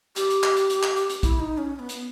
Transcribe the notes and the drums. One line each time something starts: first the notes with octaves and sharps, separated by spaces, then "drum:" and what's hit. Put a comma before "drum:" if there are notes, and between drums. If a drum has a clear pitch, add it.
G4, drum: hi-hat
drum: hi-hat
drum: clap
drum: hi-hat
drum: hi-hat
drum: clap
drum: hi-hat
drum: hi-hat
E4, drum: kick A#1, hi-hat
D#4
C#4
C#4
B3
drum: hi-hat